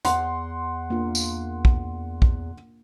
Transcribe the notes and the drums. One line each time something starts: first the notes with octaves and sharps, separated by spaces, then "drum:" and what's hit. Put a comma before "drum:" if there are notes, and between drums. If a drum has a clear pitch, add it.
E2 F#5 C6, drum: hi-hat
A#3 D4 F4
drum: tambourine
drum: kick
drum: kick